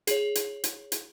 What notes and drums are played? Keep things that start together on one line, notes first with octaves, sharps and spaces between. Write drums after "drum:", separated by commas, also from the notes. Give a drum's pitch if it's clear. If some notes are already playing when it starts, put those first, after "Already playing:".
G#4 C#5, drum: hi-hat
drum: hi-hat
drum: hi-hat
drum: hi-hat